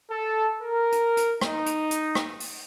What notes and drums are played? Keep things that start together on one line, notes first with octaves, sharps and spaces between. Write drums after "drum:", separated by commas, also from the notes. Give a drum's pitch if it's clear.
A4
A#4
drum: hi-hat
drum: hi-hat
D#4, drum: rim click
drum: hi-hat
drum: hi-hat
drum: rim click
drum: open hi-hat